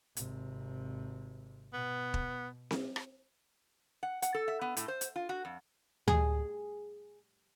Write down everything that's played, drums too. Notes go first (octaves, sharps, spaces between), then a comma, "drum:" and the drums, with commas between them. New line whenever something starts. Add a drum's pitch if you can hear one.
G#1 C3, drum: hi-hat
B2 B3
drum: kick
drum: snare C4
drum: rim click
F#5
F#5, drum: hi-hat
A4
E5
B3
A2, drum: hi-hat
C5
drum: hi-hat
F4
F#4
F2
G#4, drum: tom D2